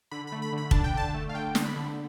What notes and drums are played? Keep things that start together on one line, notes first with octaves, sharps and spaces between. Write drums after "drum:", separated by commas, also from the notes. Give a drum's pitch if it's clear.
D3 B5
A3 B5
B5
D3
B5
D4 A5, drum: kick
G5
D3 A5
A3
F5
D3 G5
D4, drum: snare
B5
D3